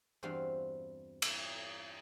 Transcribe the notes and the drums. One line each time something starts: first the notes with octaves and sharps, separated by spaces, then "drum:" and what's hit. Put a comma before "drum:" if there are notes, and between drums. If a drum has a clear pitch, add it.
E2 G2 G3 C4 F#4 F5
drum: cymbal